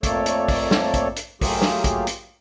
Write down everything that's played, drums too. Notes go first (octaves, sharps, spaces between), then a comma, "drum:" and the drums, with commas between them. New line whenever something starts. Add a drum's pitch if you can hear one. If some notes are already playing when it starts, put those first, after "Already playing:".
F2 A3 A#3 A4 C#5 D5, drum: kick, hi-hat
drum: hi-hat
drum: kick, open hi-hat
drum: snare
drum: kick, hi-hat
drum: hi-hat
F#3 A3 A#3 F4 G4 G#4, drum: kick, open hi-hat
drum: snare
drum: kick, hi-hat
drum: hi-hat